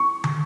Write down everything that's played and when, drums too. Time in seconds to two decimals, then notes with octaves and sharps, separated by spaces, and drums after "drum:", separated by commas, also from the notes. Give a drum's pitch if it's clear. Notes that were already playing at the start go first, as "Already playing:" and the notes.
Already playing: C#6
0.24 drum: tom